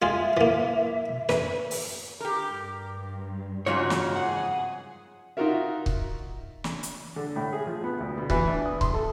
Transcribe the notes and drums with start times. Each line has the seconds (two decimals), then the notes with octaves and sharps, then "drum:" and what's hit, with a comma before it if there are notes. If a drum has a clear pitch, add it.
0.02 G#3 F4 G#4 E5
0.37 E3 A#3
1.29 B4, drum: snare
1.71 drum: open hi-hat
2.20 G4 A#4
2.52 G2
3.66 F2 G#2 C#3 F4 F#4 C#5
3.90 drum: snare
4.16 G#4 F#5
5.37 D#4 F4 F#4 A#4 E5
5.86 drum: kick C#1
6.64 drum: snare
6.83 drum: hi-hat
7.16 D3
7.36 A2
7.53 G#4
7.67 F3
7.84 B3
8.00 D2
8.18 B2
8.30 E3, drum: kick C#1
8.48 D4
8.66 D#6
8.81 C6, drum: kick C#1
8.93 A4